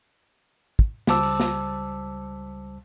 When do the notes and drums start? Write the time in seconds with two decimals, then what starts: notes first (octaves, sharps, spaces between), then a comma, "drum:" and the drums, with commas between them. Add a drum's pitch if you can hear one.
0.79 drum: kick
1.07 C#2 G3 C5 A5 D6 E6, drum: snare
1.23 drum: cymbal
1.40 drum: snare